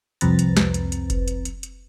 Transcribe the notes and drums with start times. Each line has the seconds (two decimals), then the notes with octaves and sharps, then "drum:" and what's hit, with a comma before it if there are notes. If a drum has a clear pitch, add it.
0.21 C2 F2 C4 B4 A#5 A6, drum: hi-hat
0.39 drum: hi-hat
0.57 drum: snare
0.74 drum: hi-hat
0.92 drum: hi-hat
1.10 drum: kick F#1, hi-hat
1.28 drum: hi-hat
1.45 drum: hi-hat
1.63 drum: hi-hat